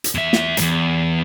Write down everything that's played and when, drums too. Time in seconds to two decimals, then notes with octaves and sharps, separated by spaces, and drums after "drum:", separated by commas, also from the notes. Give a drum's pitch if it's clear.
0.04 drum: hi-hat
0.15 E2 E5
0.33 drum: snare
0.57 E2 G#2, drum: hi-hat